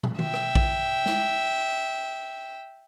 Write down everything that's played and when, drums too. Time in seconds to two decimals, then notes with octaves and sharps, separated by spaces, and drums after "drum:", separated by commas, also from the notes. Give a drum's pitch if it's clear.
0.03 drum: tom
0.19 E5 G5, drum: tom D#3
0.34 drum: rim click
0.55 drum: kick A#1
1.06 drum: snare